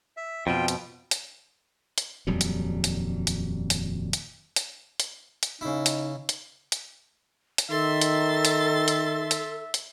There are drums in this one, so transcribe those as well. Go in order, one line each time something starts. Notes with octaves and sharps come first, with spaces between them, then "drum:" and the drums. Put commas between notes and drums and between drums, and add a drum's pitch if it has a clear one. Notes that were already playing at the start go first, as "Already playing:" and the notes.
E5
F2 B2 F4 G5
drum: hi-hat
drum: hi-hat
drum: hi-hat
D#1 F2 F#3 G3
drum: hi-hat
drum: hi-hat
drum: hi-hat
drum: hi-hat
drum: hi-hat
drum: hi-hat
drum: hi-hat
drum: hi-hat
C#3 D#4 E4
drum: hi-hat
drum: hi-hat
drum: hi-hat
drum: hi-hat
D#3 A4 E5 C6 A6
drum: hi-hat
drum: hi-hat
drum: hi-hat
drum: hi-hat
drum: hi-hat